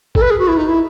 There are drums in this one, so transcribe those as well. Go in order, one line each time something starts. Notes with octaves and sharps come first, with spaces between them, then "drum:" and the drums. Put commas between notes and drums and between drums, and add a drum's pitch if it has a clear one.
A4, drum: kick G#1
B4
G#4
F#4
E4
D#4
E4